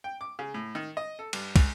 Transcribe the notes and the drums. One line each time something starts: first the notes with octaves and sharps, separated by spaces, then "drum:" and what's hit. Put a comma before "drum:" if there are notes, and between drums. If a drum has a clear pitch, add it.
G5
D6
C#3
A2
D#3
D#5
A4
G2, drum: cymbal
C#2, drum: kick, cymbal